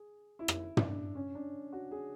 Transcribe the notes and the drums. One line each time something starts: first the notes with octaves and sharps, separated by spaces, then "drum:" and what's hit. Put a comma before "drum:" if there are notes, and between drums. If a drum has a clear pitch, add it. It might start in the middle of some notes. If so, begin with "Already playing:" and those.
Already playing: G#4
E4
drum: rim click
D4, drum: tom
C#4
D4
F#4
G#4